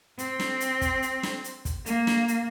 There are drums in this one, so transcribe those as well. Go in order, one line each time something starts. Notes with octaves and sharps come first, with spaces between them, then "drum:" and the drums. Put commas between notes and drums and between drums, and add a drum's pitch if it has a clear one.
C4, drum: hi-hat
drum: snare
drum: hi-hat
drum: kick, hi-hat
drum: hi-hat
drum: snare
drum: hi-hat
drum: kick, hi-hat
A#3, drum: hi-hat
drum: snare
drum: hi-hat